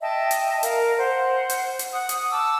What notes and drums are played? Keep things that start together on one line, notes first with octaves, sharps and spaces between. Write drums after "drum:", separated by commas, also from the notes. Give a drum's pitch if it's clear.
D#5 E5 G5 A5
drum: hi-hat
A#4 F5, drum: hi-hat
C5 F#5
drum: hi-hat
drum: hi-hat
F#5 D#6
drum: hi-hat
A5 D6 E6